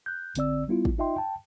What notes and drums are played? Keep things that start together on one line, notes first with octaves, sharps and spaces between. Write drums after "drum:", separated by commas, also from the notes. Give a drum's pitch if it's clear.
F#6 G6
A1 D3 C4 D5 E6, drum: hi-hat
G3 B3 E4 F4
drum: kick
D#4 F4 D#5 E5 G5 C6
G5 A5